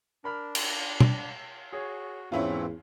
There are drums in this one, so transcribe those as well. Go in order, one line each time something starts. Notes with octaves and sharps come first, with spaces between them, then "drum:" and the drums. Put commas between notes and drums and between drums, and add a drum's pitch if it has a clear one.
D4 A#4 B5 F6
drum: cymbal
drum: tom
F#4 G#4 C#5
G#1 E2 E3 A3 C4 C#4 E4 F4